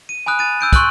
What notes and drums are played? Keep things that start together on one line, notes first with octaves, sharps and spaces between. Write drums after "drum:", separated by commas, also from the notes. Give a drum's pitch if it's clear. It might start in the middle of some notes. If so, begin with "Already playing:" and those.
D#7
G#5 B5 D#6 F#6
A6 D#7 F7
E6 G6 D7
C6 C#6 E6 F#6 F#7, drum: kick, hi-hat